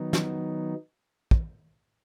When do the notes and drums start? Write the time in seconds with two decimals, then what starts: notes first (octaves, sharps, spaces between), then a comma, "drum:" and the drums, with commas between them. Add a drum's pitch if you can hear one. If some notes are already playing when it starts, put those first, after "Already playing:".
Already playing: D#3 F#3 B3 D#4
0.13 drum: snare
1.31 drum: kick